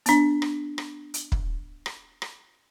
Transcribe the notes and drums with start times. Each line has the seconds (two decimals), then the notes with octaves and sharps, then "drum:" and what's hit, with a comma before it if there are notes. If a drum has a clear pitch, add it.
0.06 B3 D4, drum: hi-hat
0.42 drum: rim click
0.78 drum: rim click
1.14 drum: hi-hat
1.32 drum: kick
1.86 drum: rim click
2.22 drum: rim click